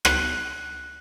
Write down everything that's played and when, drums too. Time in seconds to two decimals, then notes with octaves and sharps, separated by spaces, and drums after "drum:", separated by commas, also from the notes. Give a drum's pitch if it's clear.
0.05 F#6, drum: rim click